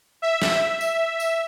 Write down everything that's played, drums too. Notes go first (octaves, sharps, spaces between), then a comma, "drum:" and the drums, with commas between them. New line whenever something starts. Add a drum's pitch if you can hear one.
E5
drum: snare
drum: tambourine
drum: tambourine